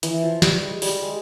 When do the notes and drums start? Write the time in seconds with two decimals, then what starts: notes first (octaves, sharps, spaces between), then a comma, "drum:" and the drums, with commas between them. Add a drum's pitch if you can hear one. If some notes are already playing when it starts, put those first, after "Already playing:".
0.03 E3, drum: hi-hat
0.23 F3
0.42 G3, drum: snare
0.62 G#3
0.82 G3, drum: open hi-hat
1.02 G#3